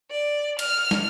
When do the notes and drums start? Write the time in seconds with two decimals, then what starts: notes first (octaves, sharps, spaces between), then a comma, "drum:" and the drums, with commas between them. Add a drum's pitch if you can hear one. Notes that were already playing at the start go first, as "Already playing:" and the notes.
0.10 D5
0.59 F6, drum: cymbal
0.91 drum: snare